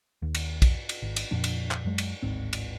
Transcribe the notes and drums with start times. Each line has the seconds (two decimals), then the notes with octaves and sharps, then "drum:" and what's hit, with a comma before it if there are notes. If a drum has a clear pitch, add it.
0.22 D#2
0.35 drum: cymbal
0.62 drum: kick, cymbal
0.89 drum: cymbal
1.02 G#1
1.16 drum: cymbal
1.31 F2 A#2 F3 D4
1.44 drum: cymbal
1.71 drum: clap
1.85 F#2 F#3 G#3
1.98 drum: cymbal
2.23 D1 G#1 G#2 C4
2.53 drum: cymbal